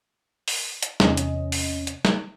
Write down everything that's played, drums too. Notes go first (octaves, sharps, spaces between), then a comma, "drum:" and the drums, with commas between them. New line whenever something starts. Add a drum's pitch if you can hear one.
drum: open hi-hat
drum: hi-hat
E2 C3 C#4 D#5, drum: snare
drum: hi-hat
drum: open hi-hat
drum: hi-hat
drum: snare